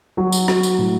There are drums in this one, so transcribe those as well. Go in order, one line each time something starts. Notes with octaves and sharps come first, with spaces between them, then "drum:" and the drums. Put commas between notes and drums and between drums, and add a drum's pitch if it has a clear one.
F#3 F#4
drum: tambourine
F#3, drum: rim click
drum: tambourine
A2